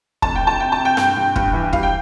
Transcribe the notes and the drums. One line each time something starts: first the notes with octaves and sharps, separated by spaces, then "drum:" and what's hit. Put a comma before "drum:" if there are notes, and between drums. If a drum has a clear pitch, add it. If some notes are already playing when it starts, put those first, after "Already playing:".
F1 A5, drum: kick
G5
F1
A5
C3 G5
A5
C3
G5
G2, drum: rim click
G2
G2, drum: kick
E3
G3 F5, drum: kick
G5